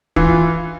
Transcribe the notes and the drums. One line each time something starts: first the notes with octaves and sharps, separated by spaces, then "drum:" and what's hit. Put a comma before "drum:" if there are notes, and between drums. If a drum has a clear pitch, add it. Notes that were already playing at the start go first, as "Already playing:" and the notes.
E3 F4, drum: kick